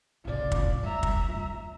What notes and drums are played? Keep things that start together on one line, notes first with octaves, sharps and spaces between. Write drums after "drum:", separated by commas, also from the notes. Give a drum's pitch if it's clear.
A1 C#3 F4 D5
drum: kick
G3 E5 A#5
drum: kick
F4